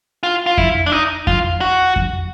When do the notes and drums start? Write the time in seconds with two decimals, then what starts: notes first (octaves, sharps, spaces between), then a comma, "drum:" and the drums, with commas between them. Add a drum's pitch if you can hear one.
0.23 F4
0.46 F4
0.58 E4, drum: kick F2
0.86 D4
0.92 D#4
1.27 F4, drum: kick F2
1.61 F#4
1.96 drum: kick F2